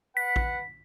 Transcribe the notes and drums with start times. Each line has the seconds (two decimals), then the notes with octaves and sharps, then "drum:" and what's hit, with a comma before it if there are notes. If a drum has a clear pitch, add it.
0.17 B4 F#5 B6
0.36 drum: kick A1